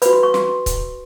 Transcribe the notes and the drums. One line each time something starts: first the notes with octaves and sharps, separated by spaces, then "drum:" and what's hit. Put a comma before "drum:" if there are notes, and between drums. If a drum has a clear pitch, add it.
F#4 B4 B5, drum: hi-hat
C6
C#6
C6, drum: snare
drum: kick C#1, hi-hat